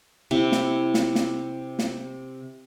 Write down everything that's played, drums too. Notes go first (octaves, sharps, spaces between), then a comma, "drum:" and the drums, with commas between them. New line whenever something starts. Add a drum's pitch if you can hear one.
C3 E4
drum: snare
drum: snare
drum: snare
drum: snare